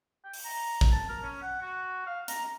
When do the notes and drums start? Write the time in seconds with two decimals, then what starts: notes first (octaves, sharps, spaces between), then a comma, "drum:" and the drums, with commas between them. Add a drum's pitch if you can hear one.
0.24 G5
0.33 drum: open hi-hat
0.45 A#5
0.81 drum: kick A#1
0.92 A5
1.09 A#4
1.23 C#4
1.42 F#5
1.62 F#4
2.06 F5
2.28 A#5, drum: hi-hat